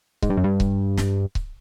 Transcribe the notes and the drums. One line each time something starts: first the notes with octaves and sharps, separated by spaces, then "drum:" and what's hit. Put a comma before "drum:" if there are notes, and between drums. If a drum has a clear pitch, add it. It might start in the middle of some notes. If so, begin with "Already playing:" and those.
G#2, drum: kick C#1
G2
F#2
G2
drum: kick C#1
drum: snare
drum: kick C#1